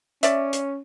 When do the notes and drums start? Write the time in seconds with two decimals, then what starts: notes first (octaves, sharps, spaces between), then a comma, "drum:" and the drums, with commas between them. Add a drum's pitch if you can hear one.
0.23 C#4 D5 E5, drum: hi-hat
0.53 drum: hi-hat